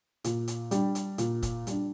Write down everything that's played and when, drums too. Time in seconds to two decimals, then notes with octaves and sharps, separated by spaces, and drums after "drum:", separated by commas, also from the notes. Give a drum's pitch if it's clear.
0.24 A#2, drum: hi-hat
0.48 drum: hi-hat
0.71 G3 D4, drum: hi-hat
0.95 drum: hi-hat
1.18 A#2, drum: hi-hat
1.42 drum: kick, hi-hat
1.67 G3 D4, drum: hi-hat